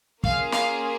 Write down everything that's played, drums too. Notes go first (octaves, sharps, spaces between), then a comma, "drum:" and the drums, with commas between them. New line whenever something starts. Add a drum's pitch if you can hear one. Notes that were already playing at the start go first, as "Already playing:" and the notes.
A#3 C#4 F4 G#4 F5, drum: kick
F5, drum: snare